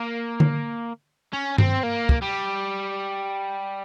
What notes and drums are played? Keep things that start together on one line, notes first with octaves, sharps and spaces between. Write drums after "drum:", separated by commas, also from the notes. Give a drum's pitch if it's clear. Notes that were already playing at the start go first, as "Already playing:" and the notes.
Already playing: A#3
drum: tom D3
C#4
C4, drum: tom G2
A#3
drum: kick
G3